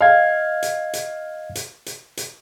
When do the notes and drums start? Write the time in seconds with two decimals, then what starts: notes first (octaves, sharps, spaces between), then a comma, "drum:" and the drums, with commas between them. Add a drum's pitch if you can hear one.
0.01 D#5 F5 G#6
0.63 drum: hi-hat
0.93 drum: hi-hat
1.55 drum: hi-hat
1.86 drum: hi-hat
2.17 drum: hi-hat